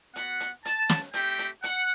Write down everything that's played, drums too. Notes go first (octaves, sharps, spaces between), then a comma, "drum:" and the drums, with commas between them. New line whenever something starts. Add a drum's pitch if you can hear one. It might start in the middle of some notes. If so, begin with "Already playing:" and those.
B3 F#4 F#5, drum: hi-hat
drum: hi-hat
A5, drum: hi-hat
drum: snare
A3 C4 G4 G5, drum: hi-hat
drum: hi-hat
F#5, drum: hi-hat